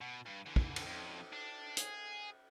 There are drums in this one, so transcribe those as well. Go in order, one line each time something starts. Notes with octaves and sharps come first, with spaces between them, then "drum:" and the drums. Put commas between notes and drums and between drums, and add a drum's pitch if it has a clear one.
B2
G2
D3 E3
drum: kick
drum: cymbal
F2
D4
G#4, drum: hi-hat